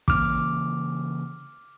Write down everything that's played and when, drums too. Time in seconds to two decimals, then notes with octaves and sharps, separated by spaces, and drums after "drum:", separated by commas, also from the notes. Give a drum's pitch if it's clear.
0.08 C#3 E3 A#3 D6 F6, drum: kick